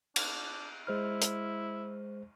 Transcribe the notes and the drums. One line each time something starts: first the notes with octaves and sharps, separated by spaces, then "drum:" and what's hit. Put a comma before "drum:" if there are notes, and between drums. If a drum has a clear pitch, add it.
D4, drum: cymbal
G#3 E4 C5 F6
drum: hi-hat